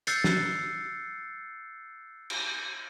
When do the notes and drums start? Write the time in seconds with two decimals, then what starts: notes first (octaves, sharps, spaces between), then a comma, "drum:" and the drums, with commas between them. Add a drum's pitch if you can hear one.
0.07 E6 F#6 G6 A6 C7 C#7, drum: hi-hat
0.24 drum: snare
2.30 drum: cymbal